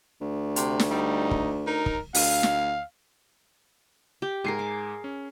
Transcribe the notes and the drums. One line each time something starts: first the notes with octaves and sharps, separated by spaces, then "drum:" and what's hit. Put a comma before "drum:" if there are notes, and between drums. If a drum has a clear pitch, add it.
D2
C3, drum: hi-hat
drum: snare
G3 D#4
drum: kick
D#4 A#4
drum: kick
D2 F5, drum: open hi-hat
drum: snare
G4
G#2 G#4 A#4 C7
D6
C#4